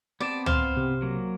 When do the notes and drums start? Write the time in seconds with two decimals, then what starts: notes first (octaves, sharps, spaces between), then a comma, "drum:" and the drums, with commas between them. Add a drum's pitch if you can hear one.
0.20 B3 C4 D5 A5
0.46 C5 F5, drum: tom
0.77 C3
1.02 F#3 A#3